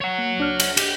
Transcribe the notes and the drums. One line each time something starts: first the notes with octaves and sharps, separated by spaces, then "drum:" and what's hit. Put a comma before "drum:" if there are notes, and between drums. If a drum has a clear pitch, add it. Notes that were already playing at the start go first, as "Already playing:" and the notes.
C#5 F#5
A#3
C#2 D4 F6
drum: cymbal
G4, drum: cymbal